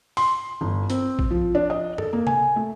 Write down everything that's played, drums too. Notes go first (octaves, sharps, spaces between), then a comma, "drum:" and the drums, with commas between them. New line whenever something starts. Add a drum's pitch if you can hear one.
C6, drum: open hi-hat
G1
C4, drum: hi-hat
drum: kick A1
F3
D4
D#5
A4, drum: tom F#2
A#3
G#5, drum: tom C3
A3